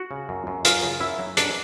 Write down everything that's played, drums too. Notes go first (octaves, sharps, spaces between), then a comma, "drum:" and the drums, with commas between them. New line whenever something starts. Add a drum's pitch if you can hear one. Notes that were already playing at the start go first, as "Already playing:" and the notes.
Already playing: F#4 F#5
C#3
F#2
F#2
F#2 F4 F5, drum: hi-hat
C#3
F#2 E4 E5
F#3
F#2 D4 D5, drum: hi-hat